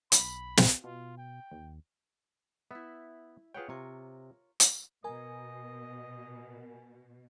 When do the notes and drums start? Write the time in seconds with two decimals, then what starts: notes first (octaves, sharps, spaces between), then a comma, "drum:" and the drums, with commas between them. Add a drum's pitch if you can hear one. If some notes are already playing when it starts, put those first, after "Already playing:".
0.12 B1 B5, drum: hi-hat
0.57 drum: snare
0.84 B2 F4
1.18 G5
1.52 D#2
2.71 B3 E4 E5
3.54 F4 G#4 B4 C#5 F#5 G5
3.69 C3 F4 A#4 C#5
4.60 drum: hi-hat
5.04 B2 A#4 D#5 G#5